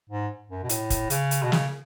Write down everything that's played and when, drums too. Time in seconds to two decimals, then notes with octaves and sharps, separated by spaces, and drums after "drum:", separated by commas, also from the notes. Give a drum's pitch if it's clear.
0.10 G#2
0.50 F#2
0.63 B2
0.69 A2, drum: hi-hat
0.90 drum: kick F1, hi-hat
1.10 C#3, drum: hi-hat
1.31 drum: hi-hat
1.43 B2
1.52 C#3, drum: snare